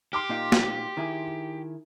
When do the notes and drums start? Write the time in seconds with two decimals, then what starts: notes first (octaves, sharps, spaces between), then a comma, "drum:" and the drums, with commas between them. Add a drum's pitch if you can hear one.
0.13 G4 C6 D6 F6
0.29 A#2 D#4 F4
0.52 drum: snare
0.97 D#3 E4 G#4